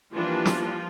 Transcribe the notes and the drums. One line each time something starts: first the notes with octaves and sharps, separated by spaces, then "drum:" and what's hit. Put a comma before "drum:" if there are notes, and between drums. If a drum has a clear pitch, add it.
E3 F3 G3 A#3 D4 F4
drum: snare